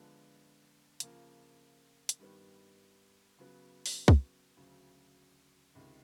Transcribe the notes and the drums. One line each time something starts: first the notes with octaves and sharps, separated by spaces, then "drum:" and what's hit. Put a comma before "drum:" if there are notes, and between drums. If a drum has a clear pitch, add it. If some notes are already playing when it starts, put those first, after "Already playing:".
Already playing: D3 F3 G#3 B3 D4
C#3 F3 A#3, drum: hi-hat
drum: hi-hat
G2 D#3 G3 B3
C#3 F#3 B3
drum: open hi-hat
drum: kick
D2 C#3 F#3
C#2 C3 D#3